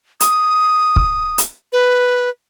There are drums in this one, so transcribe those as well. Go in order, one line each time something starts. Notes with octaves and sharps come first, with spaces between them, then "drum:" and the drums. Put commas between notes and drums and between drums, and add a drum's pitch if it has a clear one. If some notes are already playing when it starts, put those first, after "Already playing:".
D#6, drum: hi-hat
drum: kick
drum: hi-hat
B4